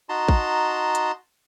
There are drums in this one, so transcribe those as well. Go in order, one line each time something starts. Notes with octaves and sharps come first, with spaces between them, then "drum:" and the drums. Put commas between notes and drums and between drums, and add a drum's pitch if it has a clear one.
D#4 F#4 A5 A#5 C6
drum: kick
drum: hi-hat